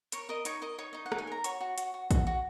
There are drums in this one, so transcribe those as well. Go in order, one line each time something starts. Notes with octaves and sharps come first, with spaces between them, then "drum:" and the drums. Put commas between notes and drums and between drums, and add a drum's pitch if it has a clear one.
A#4 C#5 C#6, drum: hi-hat
A#4 D#5 D#6
D#4 C#5 C#6, drum: hi-hat
A#4 D#5 D#6
D#4 C#5 C#6
D#4 D#5
F#5
D#4, drum: rim click
G#5
A#4 A#5
F#4 C#5 C#6, drum: hi-hat
F#4
F#4, drum: hi-hat
F#4
F#4, drum: kick, hi-hat
F#4